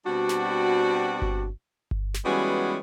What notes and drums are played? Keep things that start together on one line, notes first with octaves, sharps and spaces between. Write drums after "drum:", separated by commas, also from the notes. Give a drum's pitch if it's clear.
B2 G3 C4 D4 F#4
drum: snare
drum: kick G1
drum: kick G1
drum: snare
E3 G3 G#3 B3 C#4 F#4